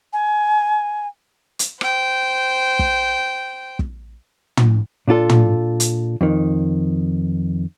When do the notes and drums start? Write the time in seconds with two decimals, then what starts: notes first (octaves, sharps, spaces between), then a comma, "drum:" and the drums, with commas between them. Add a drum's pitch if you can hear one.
0.13 G#5
1.59 drum: hi-hat
1.81 C5 G5, drum: rim click
2.79 drum: kick
3.79 drum: kick
4.57 drum: tom
5.08 A#2 D4 F4 A4
5.29 drum: tom
5.80 drum: hi-hat
6.21 F2 D#3